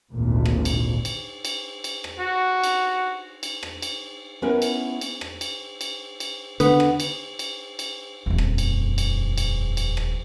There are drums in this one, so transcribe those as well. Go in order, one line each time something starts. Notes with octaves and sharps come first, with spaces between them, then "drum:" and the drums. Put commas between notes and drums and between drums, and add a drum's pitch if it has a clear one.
G#1 D2 A#2
drum: rim click
drum: cymbal
drum: cymbal
drum: cymbal
drum: cymbal
drum: rim click
F#4
drum: cymbal
drum: cymbal
drum: rim click
drum: cymbal
B3 C#4 E4 A#4 B4
drum: cymbal
drum: cymbal
drum: rim click
drum: cymbal
drum: cymbal
drum: cymbal
D3 B3, drum: cymbal
drum: rim click
drum: cymbal
drum: cymbal
drum: cymbal
D#1 F2
drum: rim click
drum: cymbal
drum: cymbal
drum: cymbal
drum: cymbal
drum: rim click